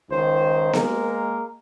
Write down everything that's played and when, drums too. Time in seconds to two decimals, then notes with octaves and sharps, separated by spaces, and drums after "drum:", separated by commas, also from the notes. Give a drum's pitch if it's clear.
0.11 C#2 D#3 C5
0.73 G#3 A#3 A#4, drum: snare B3